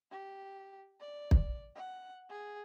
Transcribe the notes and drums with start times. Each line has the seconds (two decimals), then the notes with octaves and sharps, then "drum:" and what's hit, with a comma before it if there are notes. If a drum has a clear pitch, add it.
0.11 G4
1.00 D5
1.31 drum: kick
1.75 F#5
2.29 G#4